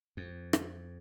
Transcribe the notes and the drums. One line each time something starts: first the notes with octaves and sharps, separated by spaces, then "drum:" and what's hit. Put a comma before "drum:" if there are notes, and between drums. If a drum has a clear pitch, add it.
F2
drum: rim click